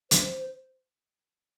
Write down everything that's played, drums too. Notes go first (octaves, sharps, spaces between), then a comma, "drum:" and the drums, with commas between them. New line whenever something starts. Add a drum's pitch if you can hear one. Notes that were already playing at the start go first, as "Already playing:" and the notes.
C5, drum: hi-hat